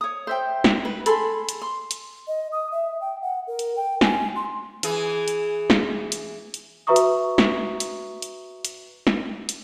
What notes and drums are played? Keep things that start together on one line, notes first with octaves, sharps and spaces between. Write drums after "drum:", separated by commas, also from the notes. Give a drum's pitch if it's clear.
C#5 D#6
C5 E5 G5
drum: snare
B4
G#4 A4 B5 C6, drum: hi-hat
drum: hi-hat
C6
drum: hi-hat
D#5
D#6
E5
G5
F#5
A#4
drum: hi-hat
G5
G#5, drum: snare
C6
E3 G#4, drum: hi-hat
drum: hi-hat
drum: snare
drum: hi-hat
drum: hi-hat
F#4 B4 E5 A#5 C#6 D#6
drum: hi-hat
drum: snare
drum: hi-hat
drum: hi-hat
drum: hi-hat
drum: snare
drum: hi-hat